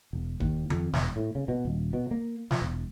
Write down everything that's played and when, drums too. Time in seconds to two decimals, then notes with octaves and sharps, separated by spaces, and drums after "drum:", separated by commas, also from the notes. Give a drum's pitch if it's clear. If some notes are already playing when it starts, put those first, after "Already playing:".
0.13 E1
0.40 D#2, drum: kick D#1
0.70 F2, drum: tom D#3
0.93 E1, drum: snare
1.16 A2
1.35 C#3
1.48 B2
1.65 D#1
1.93 B2
2.11 A#3
2.51 F3, drum: snare
2.62 E1